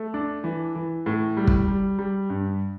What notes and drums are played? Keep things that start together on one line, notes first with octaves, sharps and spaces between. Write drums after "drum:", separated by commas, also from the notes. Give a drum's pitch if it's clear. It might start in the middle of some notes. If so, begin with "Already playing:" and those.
Already playing: A3
D4
E3
E3
A2
G3
drum: kick
G3
G3
G2